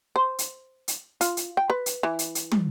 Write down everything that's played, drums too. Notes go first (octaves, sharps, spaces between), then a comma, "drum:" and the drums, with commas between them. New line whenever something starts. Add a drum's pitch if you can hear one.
C5
drum: hi-hat
drum: hi-hat
F4, drum: hi-hat
drum: hi-hat
G5
B4
drum: hi-hat
E3
drum: hi-hat
drum: hi-hat
drum: tom